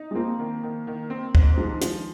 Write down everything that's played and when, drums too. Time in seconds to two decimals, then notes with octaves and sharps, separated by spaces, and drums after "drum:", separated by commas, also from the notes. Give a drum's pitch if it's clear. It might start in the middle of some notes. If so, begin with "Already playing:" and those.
Already playing: D#4
0.11 G#3
0.15 F3 A#3 C4
0.39 D#3
0.63 D#3
0.87 D#3
1.10 C4
1.35 G#2, drum: kick
1.57 D#3 F3 G#3
1.81 F3, drum: hi-hat